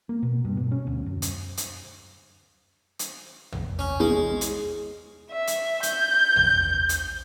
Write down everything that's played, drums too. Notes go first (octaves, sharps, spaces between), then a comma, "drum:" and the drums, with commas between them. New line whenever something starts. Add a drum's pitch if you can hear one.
A#3
B2
G2
B2
C#4
D2
F#2
drum: hi-hat
drum: hi-hat
drum: hi-hat
drum: tom
C#4
E2 G#3
drum: hi-hat
E5
drum: hi-hat
G6, drum: hi-hat
drum: tom
drum: hi-hat